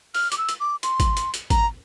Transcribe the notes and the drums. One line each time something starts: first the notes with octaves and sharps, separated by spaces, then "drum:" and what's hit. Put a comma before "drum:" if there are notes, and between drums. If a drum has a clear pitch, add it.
F6, drum: open hi-hat
D6, drum: hi-hat
E6
drum: hi-hat
D6
C6, drum: hi-hat
drum: kick G#1, hi-hat
drum: hi-hat
drum: hi-hat
A#5, drum: kick G#1, hi-hat